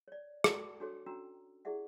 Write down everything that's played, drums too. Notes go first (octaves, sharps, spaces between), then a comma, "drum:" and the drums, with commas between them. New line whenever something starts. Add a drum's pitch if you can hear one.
C#5 D5
F#4 A4 D5 A5 D#6, drum: rim click
D4 F#4 A4 C#5
C#4 D4 F#4 G5 A#5 E6
E4 G4 G#4 D5 E5 F#5